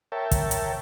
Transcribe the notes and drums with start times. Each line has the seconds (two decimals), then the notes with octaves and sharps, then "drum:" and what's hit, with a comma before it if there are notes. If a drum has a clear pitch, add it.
0.12 A#4 C#5 E5 G5 A5
0.31 drum: kick, hi-hat
0.51 drum: hi-hat